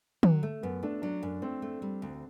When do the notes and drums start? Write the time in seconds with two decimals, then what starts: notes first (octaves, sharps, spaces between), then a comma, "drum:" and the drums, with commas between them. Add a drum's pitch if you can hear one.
0.23 F#3, drum: tom
0.43 A3
0.63 F#2 B3
0.83 A3 D4
1.02 F#3 D4
1.23 F#2
1.42 A3 C4
1.62 A3
1.82 G3
2.02 D2